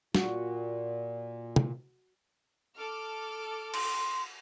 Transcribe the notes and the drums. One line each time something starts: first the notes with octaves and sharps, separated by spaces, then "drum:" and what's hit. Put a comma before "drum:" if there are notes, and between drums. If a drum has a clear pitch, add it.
A#2 F#4, drum: snare
drum: tom C3
A4 D6 F6
C6, drum: cymbal